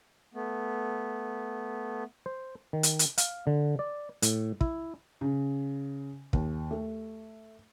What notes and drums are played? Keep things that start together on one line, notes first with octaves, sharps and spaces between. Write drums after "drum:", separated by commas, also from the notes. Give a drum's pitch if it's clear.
A3 B3
C5
D#3
drum: hi-hat
drum: hi-hat
F5, drum: hi-hat
D3
D5
A2, drum: hi-hat
E4, drum: kick
C#3
D#2, drum: kick
A3